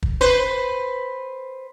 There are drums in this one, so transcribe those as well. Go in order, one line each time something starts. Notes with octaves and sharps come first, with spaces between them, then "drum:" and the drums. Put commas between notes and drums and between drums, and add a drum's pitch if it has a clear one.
drum: kick
B4 C5